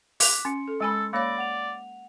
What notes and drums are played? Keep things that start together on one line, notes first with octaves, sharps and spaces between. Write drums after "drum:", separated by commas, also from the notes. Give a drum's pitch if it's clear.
D6 F#6 B6, drum: open hi-hat
C#4 C6 C#7
A4
G#3 A4 G#5 B5
A#3 C#5 D5 F5 B5 E6 A#6
F#5 F7